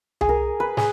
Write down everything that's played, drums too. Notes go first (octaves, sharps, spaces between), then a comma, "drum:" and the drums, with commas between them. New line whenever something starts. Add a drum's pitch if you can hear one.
G#4, drum: tom C2
A#4
B4
G#4, drum: snare